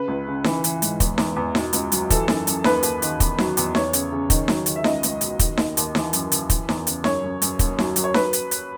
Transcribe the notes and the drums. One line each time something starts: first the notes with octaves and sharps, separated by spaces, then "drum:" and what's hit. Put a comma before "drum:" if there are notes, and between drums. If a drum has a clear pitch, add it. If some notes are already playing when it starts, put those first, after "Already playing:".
Already playing: C#3 B4
C#2
C#3
E3, drum: snare D#4
E3, drum: hi-hat
G#2, drum: hi-hat
E2, drum: kick, hi-hat
E2, drum: snare D#4
E2
B2, drum: snare D#4
C#2, drum: hi-hat
F#3, drum: hi-hat
E3 A4, drum: kick, hi-hat
F#2, drum: snare D#4
F#2, drum: hi-hat
D#2 B4, drum: snare D#4
D#2, drum: hi-hat
D#3, drum: hi-hat
E2, drum: kick, hi-hat
F#3, drum: snare D#4
E2, drum: hi-hat
E2 C#5, drum: snare D#4
C#3, drum: hi-hat
C#3
D#3, drum: kick, hi-hat
F#3, drum: snare D#4
D#3, drum: hi-hat
E5
C#2 D#5, drum: snare D#4
C#2, drum: hi-hat
B2, drum: hi-hat
D#3, drum: kick, hi-hat
D#2, drum: snare D#4
D#2, drum: hi-hat
E3, drum: snare D#4
F#2, drum: hi-hat
E3, drum: hi-hat
E3, drum: kick, hi-hat
E2, drum: snare D#4
C#3, drum: hi-hat
F#2 C#5, drum: snare D#4
F#2
F#2, drum: hi-hat
D#2, drum: kick, hi-hat
F#3, drum: snare D#4
F#3, drum: hi-hat
C#5
F#3 B4, drum: snare D#4
drum: hi-hat
drum: hi-hat